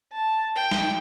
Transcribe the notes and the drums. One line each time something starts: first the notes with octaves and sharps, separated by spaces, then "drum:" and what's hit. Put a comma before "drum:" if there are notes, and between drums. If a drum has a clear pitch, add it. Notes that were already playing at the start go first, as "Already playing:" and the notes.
A5
G5
drum: snare